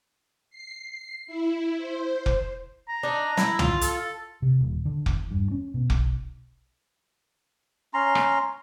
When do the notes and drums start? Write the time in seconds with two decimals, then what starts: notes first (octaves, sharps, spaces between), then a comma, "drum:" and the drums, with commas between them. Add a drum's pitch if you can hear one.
0.50 C7
1.27 E4
1.78 C5
2.26 drum: kick F1
2.88 A#5
3.03 D4 D#4
3.37 E4, drum: snare
3.59 F4, drum: tom
3.81 A4, drum: hi-hat
4.42 C3
4.61 D#1
4.85 D3
5.06 E2, drum: kick F1
5.31 G2
5.51 C#4
5.74 B2
5.90 B1, drum: kick F1
7.94 C#4 A#5 C6
8.15 drum: rim click